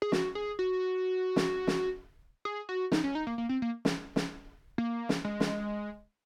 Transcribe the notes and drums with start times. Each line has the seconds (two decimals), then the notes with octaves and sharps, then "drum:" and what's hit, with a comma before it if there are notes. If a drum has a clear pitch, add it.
0.02 G#4
0.12 F#4, drum: snare
0.35 G#4
0.59 F#4
1.36 drum: snare
1.67 drum: snare
2.45 G#4
2.69 F#4
2.92 D#4, drum: snare
3.04 C#4
3.15 D#4
3.27 A#3
3.38 A#3
3.49 C4
3.62 A#3
3.85 drum: snare
4.16 drum: snare
4.78 A#3
5.09 drum: snare
5.25 G#3
5.40 drum: snare